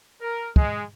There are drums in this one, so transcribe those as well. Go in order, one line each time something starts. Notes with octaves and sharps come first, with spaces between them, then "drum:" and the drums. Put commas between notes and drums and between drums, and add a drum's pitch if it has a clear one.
A#4
G#3, drum: kick